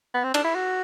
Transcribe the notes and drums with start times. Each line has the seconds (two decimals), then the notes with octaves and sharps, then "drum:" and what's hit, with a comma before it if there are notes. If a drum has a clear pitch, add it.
0.14 B3
0.24 C4
0.34 D4, drum: cymbal
0.44 E4
0.55 F#4